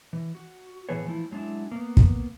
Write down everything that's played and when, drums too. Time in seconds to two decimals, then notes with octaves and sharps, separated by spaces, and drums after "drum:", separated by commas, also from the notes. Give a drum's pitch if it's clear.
0.13 E3
0.35 F#4
0.89 A2 E3 B3 G#4 B4 C#5
1.05 E3 F3 A3 E4
1.31 F#3 G#3 D4 E4
1.72 A#3 B3
1.97 drum: kick